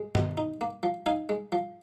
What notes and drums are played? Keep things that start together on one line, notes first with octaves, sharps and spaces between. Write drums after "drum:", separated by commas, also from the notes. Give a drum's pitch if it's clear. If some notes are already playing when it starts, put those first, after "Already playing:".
Already playing: G#3
B2, drum: tom G2
D#4
A#3
F3
D#4 F5 G#5
G#3
F3